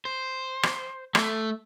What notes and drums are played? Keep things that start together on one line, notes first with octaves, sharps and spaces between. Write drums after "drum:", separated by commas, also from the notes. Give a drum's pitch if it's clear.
C5
drum: rim click
A3, drum: rim click